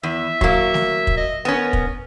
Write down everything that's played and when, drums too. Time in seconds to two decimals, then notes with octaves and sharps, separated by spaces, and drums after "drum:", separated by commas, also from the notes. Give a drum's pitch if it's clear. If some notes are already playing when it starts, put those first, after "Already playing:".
0.03 E2 E5
0.41 F#3 A#3, drum: kick
0.74 drum: snare A3
1.07 drum: kick
1.17 D#5
1.45 B3 C#4 A#4
1.73 drum: kick